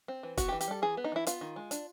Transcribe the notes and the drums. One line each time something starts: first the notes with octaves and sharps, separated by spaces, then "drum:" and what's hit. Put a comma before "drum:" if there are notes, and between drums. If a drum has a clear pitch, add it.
C4
E3
B3 F#4, drum: kick, hi-hat
G4
E3
G4, drum: hi-hat
G3 A4
E3 G#4
B3
D#4
E3 E4
B3 F4, drum: hi-hat
D#3
G#3
D4, drum: hi-hat